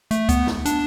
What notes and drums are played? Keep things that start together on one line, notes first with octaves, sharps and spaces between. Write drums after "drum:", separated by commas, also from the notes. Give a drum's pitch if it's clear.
A3, drum: hi-hat
B3, drum: kick C#2, hi-hat
drum: snare
D4, drum: hi-hat